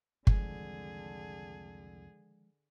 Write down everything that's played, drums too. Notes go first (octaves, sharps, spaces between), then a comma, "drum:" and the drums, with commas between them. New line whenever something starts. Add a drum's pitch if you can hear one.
C2 F2 D3 D#3 F3 G#3 G#4, drum: kick G1